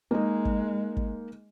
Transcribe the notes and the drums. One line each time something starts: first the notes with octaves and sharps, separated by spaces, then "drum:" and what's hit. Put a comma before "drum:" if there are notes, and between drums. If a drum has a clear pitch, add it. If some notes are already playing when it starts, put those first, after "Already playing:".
G#3 A#3 D#4
drum: kick
drum: kick